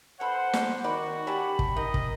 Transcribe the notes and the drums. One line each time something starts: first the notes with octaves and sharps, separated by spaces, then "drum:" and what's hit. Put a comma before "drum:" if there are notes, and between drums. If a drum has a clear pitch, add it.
B3 A4 C5 F#5 B5
drum: snare
D#3 F#4 D5 B5
C#4 G4 D5 A5 B5
drum: kick
D#4 A#4 D#5
drum: kick